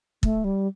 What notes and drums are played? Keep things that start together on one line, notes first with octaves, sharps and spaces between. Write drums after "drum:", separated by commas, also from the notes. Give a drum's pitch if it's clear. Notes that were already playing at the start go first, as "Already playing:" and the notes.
A3, drum: kick
G3